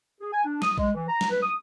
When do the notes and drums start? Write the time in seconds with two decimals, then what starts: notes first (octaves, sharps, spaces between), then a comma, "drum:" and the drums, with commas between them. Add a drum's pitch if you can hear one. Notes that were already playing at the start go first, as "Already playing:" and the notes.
0.20 G#4
0.32 G#5
0.44 D4
0.62 D#6, drum: snare
0.78 G#3, drum: kick A#1
0.95 E3
1.08 A#5
1.21 drum: snare
1.30 B4
1.42 D#6